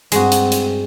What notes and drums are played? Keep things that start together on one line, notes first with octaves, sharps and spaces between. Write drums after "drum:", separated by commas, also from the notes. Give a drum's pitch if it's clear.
G2 G#3 C4 F#4, drum: hi-hat
drum: hi-hat
drum: hi-hat